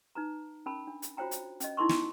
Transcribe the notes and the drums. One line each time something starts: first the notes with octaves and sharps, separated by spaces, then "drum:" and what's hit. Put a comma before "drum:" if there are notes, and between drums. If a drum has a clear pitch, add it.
D#4 B4 A#5
C#4 A#4 A5 B5
D4
drum: hi-hat
F4 F#4 C5 C#5 G5 A#5
drum: hi-hat
C#4 D#5, drum: hi-hat
D#4 E4 A#4 C6 C#6
drum: snare